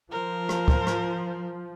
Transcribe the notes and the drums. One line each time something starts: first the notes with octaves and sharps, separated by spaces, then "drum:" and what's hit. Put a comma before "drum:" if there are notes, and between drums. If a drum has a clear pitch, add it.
F3 A#4 C5
drum: rim click
drum: kick
drum: rim click